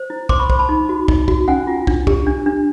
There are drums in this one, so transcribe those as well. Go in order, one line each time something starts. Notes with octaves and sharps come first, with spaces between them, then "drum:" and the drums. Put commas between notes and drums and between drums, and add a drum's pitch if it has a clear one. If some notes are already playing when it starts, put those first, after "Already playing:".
Already playing: C5
E4
C5 C6 D6, drum: kick
B5 C#6
C5, drum: kick
A5 B5
D#4
F#4
D#4, drum: kick
F#4, drum: kick
C#4 F#5 G#5
F4
D4, drum: kick
G4, drum: kick
D4
D4